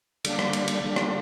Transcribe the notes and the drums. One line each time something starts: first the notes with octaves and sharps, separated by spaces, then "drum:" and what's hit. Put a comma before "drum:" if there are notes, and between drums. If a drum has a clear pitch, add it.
D3 G3 A#3 D4, drum: cymbal
drum: rim click
drum: cymbal
drum: cymbal
D3 G3 A#3 D4
drum: rim click